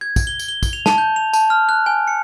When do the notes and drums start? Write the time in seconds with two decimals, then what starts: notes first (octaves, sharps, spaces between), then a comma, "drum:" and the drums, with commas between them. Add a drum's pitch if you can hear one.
0.01 G#6
0.16 drum: kick, tambourine
0.27 G7
0.39 drum: tambourine
0.48 G7
0.63 drum: kick, tambourine
0.73 F7
0.86 A5, drum: snare
0.98 G6
1.16 F7
1.33 A5, drum: tambourine
1.50 F6
1.69 F#6
1.86 G#5
2.08 C#7